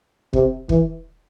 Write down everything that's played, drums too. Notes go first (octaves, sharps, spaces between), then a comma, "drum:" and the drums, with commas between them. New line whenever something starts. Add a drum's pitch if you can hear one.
C3, drum: kick
E3, drum: kick